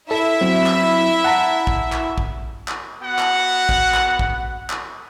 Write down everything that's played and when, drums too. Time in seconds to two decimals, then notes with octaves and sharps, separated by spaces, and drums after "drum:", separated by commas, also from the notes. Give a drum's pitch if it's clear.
0.11 E4 A4 E5
0.41 F#3 C4
0.66 drum: clap
1.24 F#5 A5 A#5
1.67 drum: kick
1.92 drum: clap
2.18 drum: kick
2.68 drum: clap
3.02 B3 F#4 F#5
3.19 drum: clap
3.69 drum: kick
3.94 drum: clap
4.19 drum: kick
4.70 drum: clap